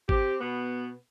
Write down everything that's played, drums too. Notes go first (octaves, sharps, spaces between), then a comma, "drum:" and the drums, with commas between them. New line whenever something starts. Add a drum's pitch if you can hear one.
C4 G4, drum: kick G#1
B2 B3